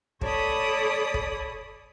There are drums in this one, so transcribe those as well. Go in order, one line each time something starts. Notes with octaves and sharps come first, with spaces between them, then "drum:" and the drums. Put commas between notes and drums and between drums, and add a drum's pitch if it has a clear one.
A4 C#5 D5 B5 D6 D#6, drum: kick
drum: kick